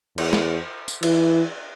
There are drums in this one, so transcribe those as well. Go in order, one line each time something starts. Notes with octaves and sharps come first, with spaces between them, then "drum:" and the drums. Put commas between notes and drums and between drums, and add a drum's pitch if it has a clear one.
E2, drum: cymbal
drum: snare
drum: tambourine
E3, drum: cymbal